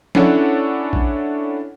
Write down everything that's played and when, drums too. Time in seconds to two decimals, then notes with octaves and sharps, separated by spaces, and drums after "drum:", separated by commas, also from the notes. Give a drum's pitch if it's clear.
0.15 C#4 D4 E4 A4 C#5 F#5, drum: snare
0.93 drum: kick A#1